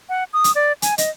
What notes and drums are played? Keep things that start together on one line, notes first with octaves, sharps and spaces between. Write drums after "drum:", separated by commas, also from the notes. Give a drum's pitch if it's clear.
F#5
D#6
drum: hi-hat
D5
G#5, drum: hi-hat
D#5, drum: hi-hat